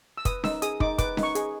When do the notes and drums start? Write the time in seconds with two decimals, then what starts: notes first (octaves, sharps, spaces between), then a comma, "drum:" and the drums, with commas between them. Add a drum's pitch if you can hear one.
0.17 E6
0.25 B4 D#6, drum: kick, hi-hat
0.44 D#4 E6, drum: snare C#4
0.62 G#4 D#6, drum: hi-hat
0.80 D#4 D6, drum: kick
0.98 B4 D6, drum: kick, hi-hat
1.17 D#4, drum: snare C#4
1.23 C#6
1.35 G#4, drum: hi-hat